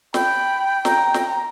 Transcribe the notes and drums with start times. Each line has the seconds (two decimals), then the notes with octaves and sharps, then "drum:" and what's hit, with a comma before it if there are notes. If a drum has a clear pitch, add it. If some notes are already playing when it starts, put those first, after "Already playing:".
0.14 G5 B5, drum: snare
0.85 A#5, drum: snare
1.14 drum: snare